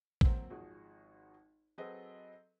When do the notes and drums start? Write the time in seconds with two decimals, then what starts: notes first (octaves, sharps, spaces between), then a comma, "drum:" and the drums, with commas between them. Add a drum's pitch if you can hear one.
0.21 F#3 A#3 C4, drum: kick A1
0.50 G#1 F3 F#4 G#4
1.78 F#3 C4 G#4 A4 B4 D#5